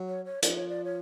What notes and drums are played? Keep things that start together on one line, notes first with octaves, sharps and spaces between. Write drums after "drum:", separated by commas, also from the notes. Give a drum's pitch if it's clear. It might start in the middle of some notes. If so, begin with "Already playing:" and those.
Already playing: F#3
C#5
C#5
F3 D5, drum: hi-hat
C#5
D5
C#5